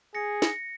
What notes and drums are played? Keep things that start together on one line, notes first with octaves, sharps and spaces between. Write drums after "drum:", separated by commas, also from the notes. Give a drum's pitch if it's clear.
G#4 A#6 C#7
A#6 C#7, drum: snare